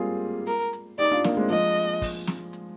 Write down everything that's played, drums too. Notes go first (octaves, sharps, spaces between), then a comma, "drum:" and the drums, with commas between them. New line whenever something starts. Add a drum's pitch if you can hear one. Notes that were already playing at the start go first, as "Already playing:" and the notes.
Already playing: G3 G#3 A#3 C4 F4 G#4
A#4, drum: hi-hat
drum: hi-hat
D#4 G4 D5, drum: hi-hat
D4 F4
A#3 D4, drum: snare
G#3 C4
F3 G#3 D#5, drum: hi-hat
drum: hi-hat
drum: kick, open hi-hat
drum: snare
drum: hi-hat